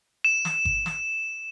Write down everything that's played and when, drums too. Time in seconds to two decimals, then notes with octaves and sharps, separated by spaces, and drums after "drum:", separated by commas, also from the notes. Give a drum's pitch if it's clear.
0.25 E7
0.45 drum: snare
0.65 drum: kick G1
0.86 drum: snare